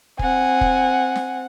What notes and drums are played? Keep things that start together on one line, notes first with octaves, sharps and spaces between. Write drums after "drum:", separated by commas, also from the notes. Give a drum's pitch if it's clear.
C4 F#5 G#5, drum: kick
drum: kick
drum: snare